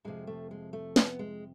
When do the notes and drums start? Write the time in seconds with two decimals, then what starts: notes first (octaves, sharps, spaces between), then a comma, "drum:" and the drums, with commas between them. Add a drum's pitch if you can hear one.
0.05 F2 C3 F3 G#3
0.27 A3
0.51 G#3
0.73 A3
0.96 B3, drum: snare
1.19 G#3